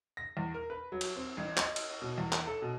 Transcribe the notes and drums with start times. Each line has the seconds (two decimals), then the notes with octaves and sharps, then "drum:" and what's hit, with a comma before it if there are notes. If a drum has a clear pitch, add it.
0.17 A#6
0.37 E2
0.54 A#4
0.70 B4
0.92 F#3
1.01 drum: cymbal
1.16 C4
1.37 A1
1.57 D#5, drum: clap
1.76 drum: cymbal
2.02 B2
2.18 E2
2.32 drum: clap
2.47 A4
2.62 B2